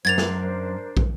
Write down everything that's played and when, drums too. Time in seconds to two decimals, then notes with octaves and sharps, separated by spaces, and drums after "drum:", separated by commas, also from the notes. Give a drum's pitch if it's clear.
0.05 F#2 D4 A#4 C5 G#6 A6 F7
0.18 drum: snare
0.97 drum: kick